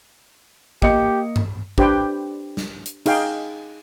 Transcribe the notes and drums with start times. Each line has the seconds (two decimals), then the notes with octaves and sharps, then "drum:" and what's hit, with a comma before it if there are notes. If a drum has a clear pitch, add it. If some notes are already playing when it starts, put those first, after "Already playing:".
0.82 A#3 G4 D#5 C#7, drum: kick
1.36 drum: tom G2
1.78 D4 G4 B4 C5 G5, drum: kick
2.57 drum: snare
2.86 drum: hi-hat
3.06 D#4 G#4 F5 G5, drum: cymbal